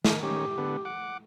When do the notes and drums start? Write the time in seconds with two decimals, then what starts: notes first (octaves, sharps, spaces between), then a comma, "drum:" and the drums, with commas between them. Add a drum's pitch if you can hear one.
0.05 D#3 D#4 F6, drum: snare
0.23 D#3 C#4 G4
0.58 D3 B3
0.85 F#5 D6